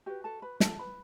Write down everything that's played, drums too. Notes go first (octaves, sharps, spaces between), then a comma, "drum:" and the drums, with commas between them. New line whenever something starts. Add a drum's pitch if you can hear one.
F#4 G4 B4 G5
A4 A5
B4 B5
A4 A5, drum: snare
B4 B5